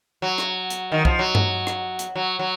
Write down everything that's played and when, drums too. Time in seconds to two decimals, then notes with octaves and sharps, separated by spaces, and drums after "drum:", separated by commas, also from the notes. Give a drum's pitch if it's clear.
0.22 F#3
0.38 drum: rim click
0.70 drum: hi-hat
0.92 D#3
1.05 F3, drum: kick
1.19 F#3
1.35 drum: tom G2
1.67 drum: rim click
1.99 drum: hi-hat
2.16 F#3
2.39 F#3